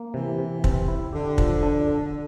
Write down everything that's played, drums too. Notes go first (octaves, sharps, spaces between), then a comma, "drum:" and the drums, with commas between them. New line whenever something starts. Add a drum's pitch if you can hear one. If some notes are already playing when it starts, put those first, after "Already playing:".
Already playing: A#3
C3 E3
C3
C4, drum: kick
E4
D3 G4
F3, drum: kick
D4
A4